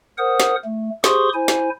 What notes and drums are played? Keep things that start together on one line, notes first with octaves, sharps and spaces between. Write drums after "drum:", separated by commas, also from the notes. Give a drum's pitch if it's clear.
A#4 C5 F#5 D#6
drum: snare
A3
G4 G#4 C5 C6 C#6 D#6, drum: snare
E4 C5 G#5
drum: snare